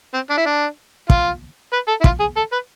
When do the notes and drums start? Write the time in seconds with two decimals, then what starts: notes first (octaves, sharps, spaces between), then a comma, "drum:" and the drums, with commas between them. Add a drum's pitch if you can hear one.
0.14 C4
0.30 D4
0.37 E4
0.46 D4
1.10 F4, drum: kick
1.73 B4
1.88 A4
2.01 E4
2.04 F4, drum: kick
2.20 G#4
2.37 A4
2.52 B4